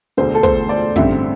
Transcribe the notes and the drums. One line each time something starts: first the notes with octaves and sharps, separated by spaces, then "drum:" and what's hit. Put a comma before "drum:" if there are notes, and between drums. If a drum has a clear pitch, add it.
E1 D2 D3 C5, drum: hi-hat
A4
C5, drum: kick, hi-hat
D5
A1 G2 D3 C4 E5, drum: kick, hi-hat